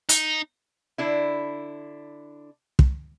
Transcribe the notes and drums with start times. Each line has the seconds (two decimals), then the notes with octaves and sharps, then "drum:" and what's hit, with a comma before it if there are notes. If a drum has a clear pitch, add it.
0.09 D#4, drum: hi-hat
0.98 D3 D4 E4
2.79 drum: kick